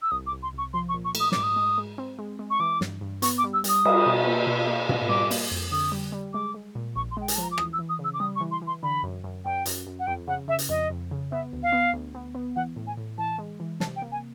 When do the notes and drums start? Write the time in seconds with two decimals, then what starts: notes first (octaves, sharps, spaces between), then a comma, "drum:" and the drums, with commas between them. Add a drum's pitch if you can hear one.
0.02 E6
0.11 C2 D#6
0.27 D6
0.32 C2
0.43 C6
0.53 C2 C#6
0.74 F3 C6
0.89 C#6
0.94 A#2
1.05 C#6
1.15 A3, drum: cymbal
1.20 D#6
1.32 G#2 D6, drum: snare
1.43 D#6
1.56 G#3
1.78 G#3
1.98 C4
2.19 G#3
2.39 G#3
2.50 C#6
2.60 E3 D6
2.81 G2, drum: snare
3.01 G2
3.22 B3 C#6, drum: hi-hat
3.38 D6
3.44 G3
3.54 E6
3.64 G3 D#6, drum: hi-hat
3.85 G3, drum: cymbal
4.06 B2
4.27 A#3
4.47 B2
4.67 A#3
4.89 B2, drum: tom
5.09 G3 D6
5.31 A#3, drum: open hi-hat
5.51 F2
5.72 D3 D#6
5.92 G3
6.12 G3
6.33 G#3 D6
6.54 G#3
6.75 A#2
6.96 A#1 C#6
7.11 C6
7.17 G#3 G5
7.28 G#5, drum: hi-hat
7.35 A5
7.38 F3 A#5
7.51 D6
7.58 E3 D#6, drum: rim click
7.73 E6
7.79 E3
7.89 D#6
7.99 C#3
8.04 E6
8.14 D6
8.20 G3 D#6
8.36 C#6
8.41 E3
8.51 C6
8.62 E3
8.67 C6
8.83 D3 B5
9.03 F#2
9.24 F#2
9.45 F#2 G5
9.65 F#2, drum: hi-hat
9.87 F#2
10.00 F#5
10.07 F2 G5
10.28 C#3 F#5
10.48 C#3 E5
10.59 drum: hi-hat
10.69 F2 D#5
10.90 F2
11.11 C#3
11.32 B3 E5
11.53 D2
11.63 F5
11.73 B3
11.93 D2
12.15 B3
12.35 B3
12.56 E3 F#5
12.76 A2
12.87 G#5
12.97 A2
13.18 E3 A5
13.38 G#3
13.60 E3
13.80 C3 A5, drum: snare
13.96 G5
14.02 A#3
14.12 G#5